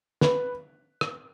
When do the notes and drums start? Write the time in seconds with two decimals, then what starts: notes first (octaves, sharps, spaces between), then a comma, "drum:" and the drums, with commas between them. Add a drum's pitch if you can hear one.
0.21 B4, drum: snare
1.01 drum: rim click